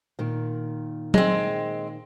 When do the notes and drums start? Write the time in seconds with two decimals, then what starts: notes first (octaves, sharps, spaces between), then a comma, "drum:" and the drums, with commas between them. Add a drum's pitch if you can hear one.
0.19 A#2 D#3
1.14 G#3 C4, drum: tom F#3